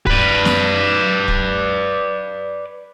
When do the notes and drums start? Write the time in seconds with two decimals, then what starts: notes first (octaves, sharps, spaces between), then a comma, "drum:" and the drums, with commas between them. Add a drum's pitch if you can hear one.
0.07 B4 D5, drum: kick
0.45 drum: snare
1.28 drum: kick